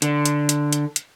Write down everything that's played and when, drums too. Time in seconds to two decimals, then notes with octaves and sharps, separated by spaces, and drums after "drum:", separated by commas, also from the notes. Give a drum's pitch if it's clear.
0.02 D3, drum: hi-hat
0.26 drum: hi-hat
0.49 drum: hi-hat
0.73 drum: hi-hat
0.96 drum: hi-hat